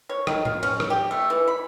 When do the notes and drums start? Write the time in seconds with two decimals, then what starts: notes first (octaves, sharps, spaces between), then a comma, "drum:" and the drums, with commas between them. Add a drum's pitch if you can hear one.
0.09 C#5
0.27 D#3, drum: rim click
0.45 F4, drum: tom A2
0.63 C#4, drum: cymbal
0.80 drum: rim click
0.90 G4
1.11 A3
1.30 E3
1.48 B5